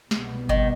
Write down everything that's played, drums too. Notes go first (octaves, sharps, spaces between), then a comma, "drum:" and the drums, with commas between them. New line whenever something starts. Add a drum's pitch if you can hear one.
C2 B2 G3 B3, drum: snare
D#3, drum: kick G1